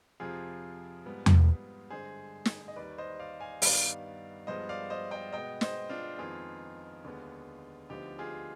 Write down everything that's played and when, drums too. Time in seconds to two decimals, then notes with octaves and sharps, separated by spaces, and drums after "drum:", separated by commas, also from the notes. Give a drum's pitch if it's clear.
0.20 F2 C3 F3 F4 G#4
1.06 G#2 G3 B3
1.26 drum: tom E2
1.90 G2 D3 G#3 G#4 C5
2.45 drum: snare
2.68 D#5
2.76 D#2 D#3 G3 B4 D5
2.98 C5 D#5
3.19 D5 F5
3.40 F5 G#5
3.62 G2 D#3 G3 B3 D5 F5, drum: open hi-hat
4.47 G2 F3 G#3 B3 C5 D#5
4.69 D5 F5
4.90 C5 D#5
5.11 D#5 G5
5.32 B2 G#3 B3 D#5 G5
5.61 C5 D#5, drum: snare
5.90 D4 F4
6.18 F2 D#3 G#3 B3 F4 G#4
7.04 D#2 D3 G#3 B3
7.89 D2 D3 F3 B3 D#4 G4
8.19 F4 G#4